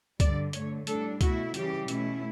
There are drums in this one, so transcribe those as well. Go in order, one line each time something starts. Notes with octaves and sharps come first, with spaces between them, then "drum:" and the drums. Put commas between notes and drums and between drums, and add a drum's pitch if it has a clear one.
G2 D3 G3 D5, drum: kick C#2, hi-hat
G2 D3 A3 C#5, drum: hi-hat
A2 G3 D4 A4, drum: hi-hat
B2 A3 E4 F#4, drum: kick C#2, hi-hat
C#3 E3 G3 C#4 G4, drum: hi-hat
B2 A3 C#4 E4, drum: hi-hat